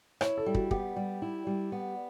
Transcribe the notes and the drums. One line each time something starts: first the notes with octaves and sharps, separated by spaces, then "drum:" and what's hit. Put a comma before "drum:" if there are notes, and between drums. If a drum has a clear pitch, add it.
E4 C#5, drum: rim click
A4
G3
F#4, drum: kick
B3 G4, drum: kick
G3
E4
G3
B3